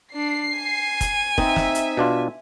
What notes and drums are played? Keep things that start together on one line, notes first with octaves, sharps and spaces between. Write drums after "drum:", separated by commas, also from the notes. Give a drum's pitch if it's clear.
D4 C7
G#5
drum: kick, hi-hat
C4 D#4 E5, drum: kick
drum: snare
drum: hi-hat
B2 D4 F4